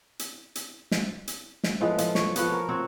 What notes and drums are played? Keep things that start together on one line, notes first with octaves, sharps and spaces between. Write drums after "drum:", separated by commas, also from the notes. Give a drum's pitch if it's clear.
drum: hi-hat
drum: hi-hat
drum: snare
drum: hi-hat
drum: snare
A2 F3 G#3 B3
F3, drum: hi-hat
C#5, drum: snare
F3 B3 F#4, drum: hi-hat
A#4 C#5
C4 F#4 C#5